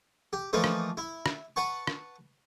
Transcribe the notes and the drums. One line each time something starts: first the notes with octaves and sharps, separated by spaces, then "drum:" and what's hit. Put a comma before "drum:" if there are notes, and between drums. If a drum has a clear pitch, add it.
G4
E3 F3 A3 A#3 D#4
drum: rim click
E4
drum: rim click
B4 F#5 A5 C#6
drum: rim click